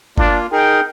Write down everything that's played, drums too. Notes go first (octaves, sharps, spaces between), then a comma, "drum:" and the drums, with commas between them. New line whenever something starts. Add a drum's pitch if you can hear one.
A#3 D4 F4, drum: kick G1
D#4 G#4 A#4 G5